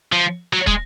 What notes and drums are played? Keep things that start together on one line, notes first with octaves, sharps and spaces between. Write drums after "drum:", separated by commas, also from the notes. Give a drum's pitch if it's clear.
F3
F#3
G#3, drum: kick